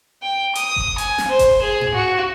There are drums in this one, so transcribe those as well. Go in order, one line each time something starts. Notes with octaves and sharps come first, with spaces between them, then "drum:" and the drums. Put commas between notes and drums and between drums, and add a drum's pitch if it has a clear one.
G5
D#6, drum: hi-hat
drum: kick F#1
G#5, drum: hi-hat
drum: snare
C5
drum: kick F#1, hi-hat
G#4
drum: tom G#2
F#4